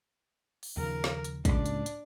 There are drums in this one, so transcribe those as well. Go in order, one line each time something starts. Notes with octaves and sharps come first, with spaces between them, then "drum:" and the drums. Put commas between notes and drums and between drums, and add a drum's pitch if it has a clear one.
drum: open hi-hat
D#2 C#3 F3 A#4
drum: snare
drum: hi-hat
C#2 A2 C#3 G#3 A#3 D4, drum: kick, hi-hat
drum: hi-hat
drum: hi-hat